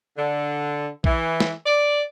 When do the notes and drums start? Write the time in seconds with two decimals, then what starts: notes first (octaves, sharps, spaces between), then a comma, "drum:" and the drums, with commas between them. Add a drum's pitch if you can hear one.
0.17 D3
1.04 E3, drum: kick A#1
1.40 drum: snare
1.66 D5